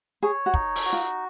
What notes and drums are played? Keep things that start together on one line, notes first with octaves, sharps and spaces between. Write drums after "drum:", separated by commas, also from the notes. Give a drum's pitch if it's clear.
G#4 C#5
F#4
D#4, drum: kick
drum: open hi-hat
F#4
F4